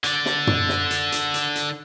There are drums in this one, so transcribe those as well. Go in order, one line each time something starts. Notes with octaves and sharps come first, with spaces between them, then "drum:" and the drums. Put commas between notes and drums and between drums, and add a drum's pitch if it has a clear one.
D3 D5, drum: hi-hat
drum: snare
drum: tom
drum: snare
drum: hi-hat
drum: hi-hat
drum: hi-hat
drum: hi-hat